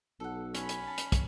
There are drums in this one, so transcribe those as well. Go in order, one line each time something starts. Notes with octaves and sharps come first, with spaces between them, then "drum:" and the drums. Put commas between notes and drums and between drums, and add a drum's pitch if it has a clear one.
B1 A4 F#5
C#4 B5, drum: hi-hat
drum: hi-hat
A5 C#6
drum: hi-hat
drum: kick, hi-hat